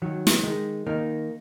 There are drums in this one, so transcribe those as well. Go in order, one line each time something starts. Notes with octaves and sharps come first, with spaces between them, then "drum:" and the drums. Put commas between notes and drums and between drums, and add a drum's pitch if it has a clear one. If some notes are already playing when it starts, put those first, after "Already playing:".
D#3 F#3
drum: snare
D#3 G#3
D#3 A#3